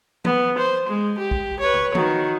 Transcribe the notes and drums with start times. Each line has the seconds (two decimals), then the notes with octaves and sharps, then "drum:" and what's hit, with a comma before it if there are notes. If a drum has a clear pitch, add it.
0.25 B3, drum: tom E3
0.58 C5
0.89 G#3
1.18 G4
1.31 drum: kick
1.60 B4 C#5
1.74 drum: tom
1.95 D#3 F#4, drum: tom E3